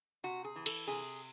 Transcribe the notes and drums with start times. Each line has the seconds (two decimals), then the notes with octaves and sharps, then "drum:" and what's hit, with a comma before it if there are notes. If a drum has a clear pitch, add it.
0.24 C3 F#4
0.44 G#4
0.56 E3
0.66 A4, drum: cymbal
0.88 C3 G#4